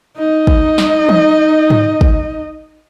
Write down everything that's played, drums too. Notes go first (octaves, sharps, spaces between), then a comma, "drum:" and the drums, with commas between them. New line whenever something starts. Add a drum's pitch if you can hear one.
D#4 D#5
drum: kick
drum: snare
drum: tom E3
drum: tom G#2
drum: kick